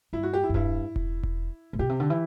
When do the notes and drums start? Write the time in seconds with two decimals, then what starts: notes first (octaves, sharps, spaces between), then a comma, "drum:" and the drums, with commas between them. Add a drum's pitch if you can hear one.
0.13 G2 E4
0.23 F#4
0.33 G4
0.43 E4
0.49 F#2
0.54 G2 E4, drum: kick E1
0.96 drum: kick E1
1.24 drum: kick E1
1.73 A2
1.79 B2 G4
1.89 C3
2.00 D3
2.10 E3